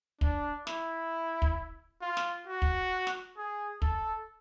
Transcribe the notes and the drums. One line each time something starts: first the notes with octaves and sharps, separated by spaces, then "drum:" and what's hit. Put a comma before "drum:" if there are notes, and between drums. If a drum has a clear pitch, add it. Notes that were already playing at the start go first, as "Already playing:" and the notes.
D4, drum: kick
E4, drum: snare
drum: kick
F4
drum: snare
F#4
drum: kick
drum: snare
G#4
A4, drum: kick